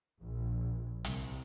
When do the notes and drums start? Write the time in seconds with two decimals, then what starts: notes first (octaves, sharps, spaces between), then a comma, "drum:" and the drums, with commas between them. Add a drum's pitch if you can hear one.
0.19 A#1
1.05 C2, drum: hi-hat